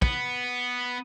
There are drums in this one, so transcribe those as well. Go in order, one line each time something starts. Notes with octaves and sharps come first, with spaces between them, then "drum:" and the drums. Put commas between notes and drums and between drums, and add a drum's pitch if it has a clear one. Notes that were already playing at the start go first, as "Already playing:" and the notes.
B3, drum: kick